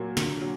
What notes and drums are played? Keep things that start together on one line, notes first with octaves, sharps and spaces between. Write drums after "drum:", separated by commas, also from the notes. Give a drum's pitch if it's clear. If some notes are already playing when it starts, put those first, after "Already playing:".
Already playing: A#2 F#3 A#3
A#2 D3, drum: snare
F#3